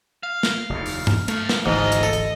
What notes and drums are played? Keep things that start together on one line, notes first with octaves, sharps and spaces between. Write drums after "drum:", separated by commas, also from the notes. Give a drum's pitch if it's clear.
F5
drum: snare
F1 D#2 A2
drum: open hi-hat
drum: tom G2
A3 A4 F5, drum: hi-hat
drum: snare
D1 G#1 G#2 E3 A3 F4 D#5
drum: hi-hat
A4
drum: hi-hat